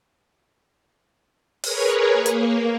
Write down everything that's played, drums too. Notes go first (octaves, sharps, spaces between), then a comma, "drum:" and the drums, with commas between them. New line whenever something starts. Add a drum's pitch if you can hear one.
G#4 A#4 B4 C#5, drum: open hi-hat
A#3
drum: hi-hat